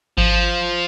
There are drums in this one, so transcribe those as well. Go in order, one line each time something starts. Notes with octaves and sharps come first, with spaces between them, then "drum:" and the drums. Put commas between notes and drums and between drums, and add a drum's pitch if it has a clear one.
F3, drum: kick G#1